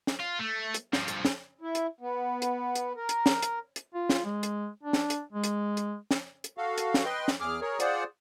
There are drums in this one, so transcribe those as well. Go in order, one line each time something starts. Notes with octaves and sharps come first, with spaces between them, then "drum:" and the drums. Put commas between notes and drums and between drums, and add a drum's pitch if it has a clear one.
drum: snare
F4
A3
drum: hi-hat
G2 F3, drum: snare
drum: hi-hat
drum: snare
E4
drum: hi-hat
B3
drum: hi-hat
drum: hi-hat
A#4
drum: hi-hat
drum: snare
drum: hi-hat
drum: hi-hat
F4
drum: snare
G#3
drum: hi-hat
D4
drum: snare
drum: hi-hat
G#3
drum: hi-hat
drum: hi-hat
drum: snare
drum: hi-hat
F#4 A4 F5
drum: hi-hat
drum: snare
B4 D#5 G5 C6
drum: snare
E2 G#4 D6 F6
G#4 A#4 C#5
F4 G#4 C5 D5 F#5, drum: hi-hat